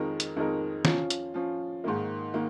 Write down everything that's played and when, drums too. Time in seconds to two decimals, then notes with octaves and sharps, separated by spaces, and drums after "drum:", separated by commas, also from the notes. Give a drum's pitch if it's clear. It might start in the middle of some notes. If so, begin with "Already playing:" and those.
Already playing: F2 D#3 G#3 D#4 A#4
0.20 drum: hi-hat
0.36 F2 D#3 G#3 D#4 A#4
0.85 F3 C#4 F4, drum: snare
1.10 drum: hi-hat
1.34 F3 C#4 F4
1.84 G#2 D#3 A#3
2.34 D#3 A#3